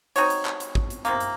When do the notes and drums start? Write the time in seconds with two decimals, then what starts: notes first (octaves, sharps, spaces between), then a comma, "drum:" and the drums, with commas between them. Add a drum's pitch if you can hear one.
0.16 C4 D#4 F#4 C#5, drum: hi-hat
0.30 drum: hi-hat
0.45 drum: clap
0.60 drum: hi-hat
0.75 drum: kick
0.90 drum: hi-hat
1.05 C3 D#3 A#3, drum: hi-hat
1.20 drum: hi-hat